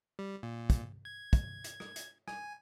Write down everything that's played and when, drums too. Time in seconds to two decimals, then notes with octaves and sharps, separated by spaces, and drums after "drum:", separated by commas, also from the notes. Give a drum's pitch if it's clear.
0.19 G3
0.43 A#2
0.70 drum: kick, hi-hat
1.05 G#6
1.33 drum: kick, hi-hat
1.64 drum: hi-hat
1.80 drum: rim click
1.96 drum: hi-hat
2.28 G#5, drum: rim click